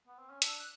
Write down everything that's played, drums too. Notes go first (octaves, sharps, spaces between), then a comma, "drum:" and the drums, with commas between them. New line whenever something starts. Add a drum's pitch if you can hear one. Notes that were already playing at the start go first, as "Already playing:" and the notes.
B3
C4
C#4
D4 E6, drum: hi-hat
F#6